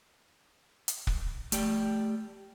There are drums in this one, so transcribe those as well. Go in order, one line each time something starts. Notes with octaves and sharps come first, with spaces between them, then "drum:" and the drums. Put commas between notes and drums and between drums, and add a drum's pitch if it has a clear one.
drum: hi-hat
drum: kick
A3 G4 D5 G5, drum: hi-hat